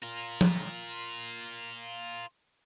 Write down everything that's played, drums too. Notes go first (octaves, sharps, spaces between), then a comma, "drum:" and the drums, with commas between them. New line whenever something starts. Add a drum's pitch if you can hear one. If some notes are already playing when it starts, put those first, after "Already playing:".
F4 A#4
drum: tom F3